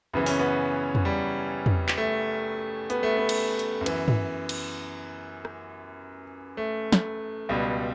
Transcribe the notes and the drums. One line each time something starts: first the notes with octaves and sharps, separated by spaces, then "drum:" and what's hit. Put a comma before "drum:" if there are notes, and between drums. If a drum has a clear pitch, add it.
F#2 C#3 E3 B3
C#4, drum: open hi-hat
B3
drum: tom
G3
drum: tom
drum: clap
A3
B3, drum: hi-hat
A3
B3
drum: cymbal
drum: hi-hat
F#2
E3, drum: cymbal
drum: tom
drum: cymbal
drum: rim click
A3
drum: snare
C#2 B2 G3